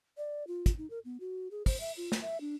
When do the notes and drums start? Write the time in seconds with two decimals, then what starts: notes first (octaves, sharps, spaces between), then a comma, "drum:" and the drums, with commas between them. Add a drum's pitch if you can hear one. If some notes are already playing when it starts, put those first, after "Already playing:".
0.17 D5
0.47 F4
0.66 drum: kick, hi-hat
0.78 D#4
0.90 A#4
1.05 B3
1.20 F#4
1.51 G#4
1.66 C5, drum: kick, open hi-hat
1.80 E5
1.97 F4
2.12 drum: snare
2.21 E5
2.41 D4